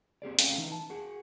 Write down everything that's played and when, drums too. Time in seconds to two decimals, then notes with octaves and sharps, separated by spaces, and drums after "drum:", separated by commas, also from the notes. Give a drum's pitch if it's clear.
0.22 C4 G4 G#4 D5
0.39 A3 C#4 A4 F5 G5, drum: hi-hat
0.58 E3 D#4
0.72 A5
0.90 F#4 G#4 F#5